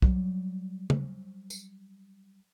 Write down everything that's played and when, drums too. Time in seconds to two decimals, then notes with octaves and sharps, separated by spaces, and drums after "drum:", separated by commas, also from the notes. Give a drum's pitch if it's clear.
0.02 F#3 G3, drum: kick B1
0.90 drum: tom C#3
1.50 drum: tambourine